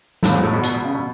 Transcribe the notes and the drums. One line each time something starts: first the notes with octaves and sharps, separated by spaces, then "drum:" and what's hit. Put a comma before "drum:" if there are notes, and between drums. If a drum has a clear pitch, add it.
A2, drum: snare
G#2
A2
B2
B2, drum: hi-hat
B2
C#3
B2